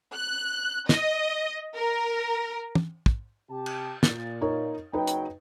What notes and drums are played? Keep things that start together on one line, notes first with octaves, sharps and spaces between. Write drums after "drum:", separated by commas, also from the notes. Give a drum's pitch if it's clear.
F#6
D#5, drum: snare
A#4
drum: tom
drum: kick
C3 G4 A5
drum: cymbal
A#2 A6, drum: snare
D#4 A#4 C#5
F#1 F#3 D#4 B4 G5
drum: hi-hat